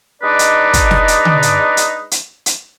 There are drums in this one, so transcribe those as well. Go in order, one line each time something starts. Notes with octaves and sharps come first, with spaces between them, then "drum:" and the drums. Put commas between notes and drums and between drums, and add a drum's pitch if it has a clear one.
G#3 D4 D#4 B4 D5
drum: hi-hat
drum: kick, hi-hat
drum: snare
drum: hi-hat
drum: tom D3
drum: hi-hat
drum: hi-hat
drum: hi-hat
drum: hi-hat